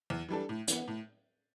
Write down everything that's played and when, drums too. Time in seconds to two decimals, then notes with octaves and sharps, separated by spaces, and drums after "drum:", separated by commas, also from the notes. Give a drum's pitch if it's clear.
0.10 E2
0.29 E3 G3 D4 A4
0.49 A2
0.67 E3 B3, drum: hi-hat
0.88 A2